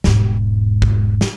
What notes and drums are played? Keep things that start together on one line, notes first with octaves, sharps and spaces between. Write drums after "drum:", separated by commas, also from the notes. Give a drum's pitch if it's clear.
E1 G#2, drum: snare
drum: kick
drum: snare